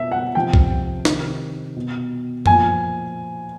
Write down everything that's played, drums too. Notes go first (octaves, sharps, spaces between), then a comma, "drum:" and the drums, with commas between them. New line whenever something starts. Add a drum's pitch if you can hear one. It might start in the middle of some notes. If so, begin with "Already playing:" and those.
Already playing: B2 E5
F#5
C3 F3 G5
drum: kick B1
C3 D#3, drum: snare
B2
A#2 F3 G#5, drum: tom F#2